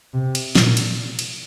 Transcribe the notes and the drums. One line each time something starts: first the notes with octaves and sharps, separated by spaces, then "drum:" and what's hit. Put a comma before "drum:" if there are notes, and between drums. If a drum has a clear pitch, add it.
C3
drum: cymbal
A#2, drum: snare
drum: cymbal
drum: cymbal